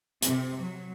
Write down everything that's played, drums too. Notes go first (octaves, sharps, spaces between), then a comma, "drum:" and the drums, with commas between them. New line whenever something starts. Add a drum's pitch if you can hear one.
C3, drum: hi-hat
F#3